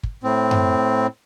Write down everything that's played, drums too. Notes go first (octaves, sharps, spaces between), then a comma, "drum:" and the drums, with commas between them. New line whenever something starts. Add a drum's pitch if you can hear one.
drum: kick
A2 C4
drum: tom F#2